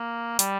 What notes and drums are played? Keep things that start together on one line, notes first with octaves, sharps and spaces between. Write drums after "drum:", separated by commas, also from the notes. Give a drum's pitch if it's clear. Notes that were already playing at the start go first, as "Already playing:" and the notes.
Already playing: A#3
G3, drum: hi-hat